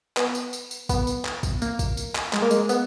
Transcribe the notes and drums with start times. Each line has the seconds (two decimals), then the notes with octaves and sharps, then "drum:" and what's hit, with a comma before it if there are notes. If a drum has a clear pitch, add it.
0.17 B3, drum: clap
0.35 drum: tambourine
0.53 drum: tambourine
0.71 drum: tambourine
0.89 B3, drum: kick, tambourine
1.07 drum: tambourine
1.25 drum: clap
1.43 drum: kick, tambourine
1.62 A#3, drum: tambourine
1.79 drum: kick, tambourine
1.97 drum: tambourine
2.15 drum: clap
2.33 G#3, drum: clap
2.42 A#3
2.51 G#3, drum: tambourine
2.69 B3, drum: tambourine